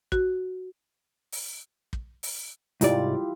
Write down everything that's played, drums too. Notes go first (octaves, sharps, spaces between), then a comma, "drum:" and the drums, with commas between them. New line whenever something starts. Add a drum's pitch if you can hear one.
F#4, drum: kick
drum: open hi-hat
drum: kick
drum: open hi-hat
C2 G#2 E4 F4 G4 D5, drum: hi-hat